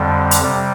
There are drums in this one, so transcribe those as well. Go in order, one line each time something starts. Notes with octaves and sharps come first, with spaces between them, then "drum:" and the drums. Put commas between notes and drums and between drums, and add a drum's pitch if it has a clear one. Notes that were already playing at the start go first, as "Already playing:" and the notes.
Already playing: F2 D3 G3
drum: hi-hat
C3 G3